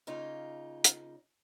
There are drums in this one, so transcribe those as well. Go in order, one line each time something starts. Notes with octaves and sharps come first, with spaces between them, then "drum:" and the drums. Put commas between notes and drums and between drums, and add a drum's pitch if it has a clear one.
C#3 A#3 D#4 F4
drum: hi-hat